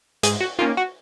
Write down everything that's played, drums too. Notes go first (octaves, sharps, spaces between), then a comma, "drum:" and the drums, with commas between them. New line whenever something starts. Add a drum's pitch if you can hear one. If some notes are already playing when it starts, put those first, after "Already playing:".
G#2 G#4, drum: hi-hat
F#4
D#3 A#3 C#4 F4
F#4